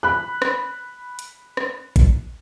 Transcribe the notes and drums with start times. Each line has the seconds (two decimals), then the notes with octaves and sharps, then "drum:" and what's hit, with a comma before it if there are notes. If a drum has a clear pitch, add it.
0.03 B5 F#6
0.42 drum: rim click
1.19 drum: hi-hat
1.57 drum: rim click
1.96 drum: kick A1, hi-hat